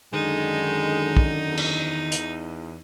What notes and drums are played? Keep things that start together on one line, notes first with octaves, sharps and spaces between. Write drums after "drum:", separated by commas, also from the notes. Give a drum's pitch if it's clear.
F#2 D3 D#3 G#3 D#4
drum: kick
E2
drum: cymbal
drum: hi-hat